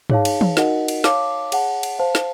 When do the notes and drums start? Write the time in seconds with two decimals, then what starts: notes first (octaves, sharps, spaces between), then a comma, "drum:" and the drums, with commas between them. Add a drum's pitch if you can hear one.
0.10 D#4 G#4 C#5 F5 A5, drum: tom
0.25 drum: cymbal
0.41 drum: tom
0.57 D#4 F#4 A#4 D#5 F#5, drum: snare
0.88 drum: cymbal
1.04 C#5 F5 A5 D6, drum: snare
1.52 G#4 C#5 F#5 A5, drum: cymbal
1.83 drum: cymbal
1.99 C5 F5 A5
2.15 drum: snare